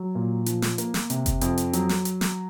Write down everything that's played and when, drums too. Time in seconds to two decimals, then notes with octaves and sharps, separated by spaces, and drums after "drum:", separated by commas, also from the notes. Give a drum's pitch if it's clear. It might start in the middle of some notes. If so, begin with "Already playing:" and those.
Already playing: F#3
0.15 A#2
0.46 F3, drum: hi-hat
0.62 drum: snare
0.78 A#3, drum: hi-hat
0.94 drum: snare
1.10 C3, drum: hi-hat
1.26 drum: kick F#1, hi-hat
1.41 F2, drum: hi-hat
1.58 drum: hi-hat
1.73 F#3, drum: hi-hat
1.89 drum: snare
2.05 drum: hi-hat
2.21 drum: snare